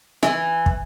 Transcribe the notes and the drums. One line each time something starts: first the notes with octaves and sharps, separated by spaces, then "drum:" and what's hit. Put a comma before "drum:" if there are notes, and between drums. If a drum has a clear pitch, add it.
E3, drum: rim click
drum: kick